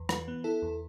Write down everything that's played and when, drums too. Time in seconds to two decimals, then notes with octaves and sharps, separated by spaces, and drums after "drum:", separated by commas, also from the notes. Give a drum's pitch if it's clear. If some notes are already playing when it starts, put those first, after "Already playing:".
Already playing: E2
0.09 E3 B4, drum: rim click
0.28 B3
0.44 E4 A4
0.62 E2